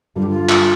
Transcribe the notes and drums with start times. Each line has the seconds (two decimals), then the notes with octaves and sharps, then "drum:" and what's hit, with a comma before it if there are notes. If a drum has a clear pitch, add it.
0.15 G2 D3 G3 F4
0.22 G4
0.29 F4
0.49 drum: clap